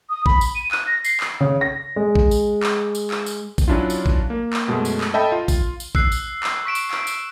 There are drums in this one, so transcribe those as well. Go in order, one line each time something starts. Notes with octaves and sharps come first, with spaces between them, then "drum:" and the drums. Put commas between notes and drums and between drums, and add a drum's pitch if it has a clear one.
D#6
B5, drum: kick A1
drum: tambourine
D#7
F#6, drum: clap
A#6
C7, drum: tambourine
drum: clap
C#3
A#6
G#3
drum: kick A1
drum: tambourine
drum: clap
drum: tambourine
drum: clap
drum: tambourine
drum: kick A1, tambourine
F#3 C#4 D4 E4 F4
drum: tambourine
drum: kick A1
A#3
drum: clap
F#2 B2 G#3 A3
drum: tambourine
drum: clap
A4 D#5 E5 G5 A5 B5
F4
drum: kick A1, tambourine
drum: tambourine
E6 F#6 C7, drum: kick A1
drum: tambourine
drum: clap
C#6 B6 D7 E7
drum: tambourine
drum: clap
drum: tambourine